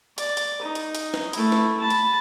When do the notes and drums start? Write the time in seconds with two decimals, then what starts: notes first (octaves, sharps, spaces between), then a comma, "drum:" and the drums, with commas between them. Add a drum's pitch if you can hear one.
0.18 D5, drum: hi-hat
0.37 drum: hi-hat
0.62 D#4
0.75 drum: hi-hat
0.95 drum: hi-hat
1.14 drum: snare
1.33 A3 E4, drum: hi-hat
1.52 drum: snare
1.80 A5 B5
1.90 drum: hi-hat